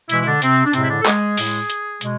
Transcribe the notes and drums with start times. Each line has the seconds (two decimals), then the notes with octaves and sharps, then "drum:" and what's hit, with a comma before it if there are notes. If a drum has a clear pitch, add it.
0.10 B2 E3 G#3 E4, drum: hi-hat
0.22 E4
0.26 D3 D4
0.42 C3 C4, drum: hi-hat
0.65 D4
0.73 A2 C3 G#3 C4, drum: hi-hat
0.84 E4
0.89 D3 D4
1.01 A4
1.06 G#3 G#4, drum: clap
1.37 A2 G#3, drum: open hi-hat
1.70 drum: hi-hat
2.01 B2 G#3, drum: hi-hat